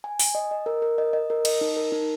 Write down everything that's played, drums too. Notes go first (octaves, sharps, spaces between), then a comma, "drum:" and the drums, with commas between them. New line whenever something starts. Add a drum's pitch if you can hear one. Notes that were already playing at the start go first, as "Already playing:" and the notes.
G#5
G#5, drum: open hi-hat
D#5
D#5
A#4
A#4
D#5
D#5
A#4
D#5, drum: cymbal
D#4
A#4
D#4